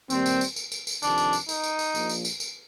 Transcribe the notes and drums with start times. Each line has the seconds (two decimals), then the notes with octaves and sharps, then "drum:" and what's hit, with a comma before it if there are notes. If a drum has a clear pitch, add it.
0.10 D#2 D#3 G3 C4, drum: tambourine
0.26 drum: tambourine
0.41 drum: tambourine
0.56 drum: tambourine
0.72 drum: tambourine
0.87 drum: tambourine
1.03 F2 C3 D#3 D4, drum: tambourine
1.18 drum: tambourine
1.33 drum: tambourine
1.49 D#4, drum: tambourine
1.64 drum: tambourine
1.79 drum: tambourine
1.95 A#1 A#2 F3, drum: tambourine
2.09 drum: tambourine
2.25 drum: tambourine
2.40 drum: tambourine